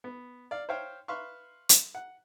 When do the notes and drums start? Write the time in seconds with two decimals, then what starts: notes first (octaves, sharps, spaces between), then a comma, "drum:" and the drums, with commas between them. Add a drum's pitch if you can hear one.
0.04 B3
0.51 D5 F5
0.69 C5 C#5 E5 F5 G5
1.08 B4 E5 F5 C6 C#6
1.69 drum: hi-hat
1.95 F#5